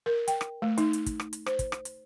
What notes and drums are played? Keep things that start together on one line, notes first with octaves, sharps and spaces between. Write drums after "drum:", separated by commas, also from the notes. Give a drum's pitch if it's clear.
A#4
G5, drum: hi-hat
drum: rim click
A3
D#4, drum: hi-hat
drum: hi-hat
drum: kick, hi-hat
drum: rim click
drum: hi-hat
C5, drum: rim click
drum: kick, hi-hat
drum: rim click
drum: hi-hat